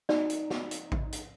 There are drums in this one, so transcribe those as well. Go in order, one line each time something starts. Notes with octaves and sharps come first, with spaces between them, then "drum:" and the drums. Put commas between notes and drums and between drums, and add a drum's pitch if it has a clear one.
D#4 D5, drum: snare
drum: hi-hat
drum: snare
drum: hi-hat
drum: kick A1
drum: hi-hat